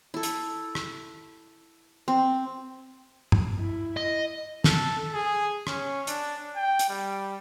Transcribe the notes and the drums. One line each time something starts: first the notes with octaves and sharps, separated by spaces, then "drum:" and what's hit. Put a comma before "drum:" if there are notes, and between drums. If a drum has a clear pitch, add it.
E4 A4
drum: hi-hat
drum: rim click
C4
drum: tom G2
E4
D#5
A4, drum: snare
G#4
C#4, drum: rim click
D4, drum: hi-hat
G5
drum: hi-hat
G3